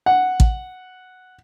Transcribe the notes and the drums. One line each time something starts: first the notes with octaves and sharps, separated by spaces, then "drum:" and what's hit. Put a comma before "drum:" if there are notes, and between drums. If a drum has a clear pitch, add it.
F#5
drum: kick